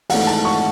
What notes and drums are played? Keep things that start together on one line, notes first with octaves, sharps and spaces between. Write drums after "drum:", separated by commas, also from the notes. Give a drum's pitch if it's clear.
G#1 G#2 E3 A3 F#5, drum: open hi-hat
A5
C#6